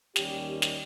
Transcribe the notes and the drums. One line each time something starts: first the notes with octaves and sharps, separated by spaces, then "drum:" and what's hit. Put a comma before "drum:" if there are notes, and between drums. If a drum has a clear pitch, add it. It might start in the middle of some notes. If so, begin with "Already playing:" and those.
D#2 D#3 G3 C#4 G4, drum: snare
drum: snare